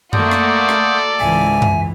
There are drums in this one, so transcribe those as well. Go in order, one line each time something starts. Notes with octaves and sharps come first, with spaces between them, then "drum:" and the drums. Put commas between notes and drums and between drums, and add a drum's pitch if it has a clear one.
A3 A#3 F#4 A4 D5 C6 D#6 G6, drum: tom F#2
drum: rim click
drum: rim click
C#2 G#2 E3 E5 G#5
drum: tom F#2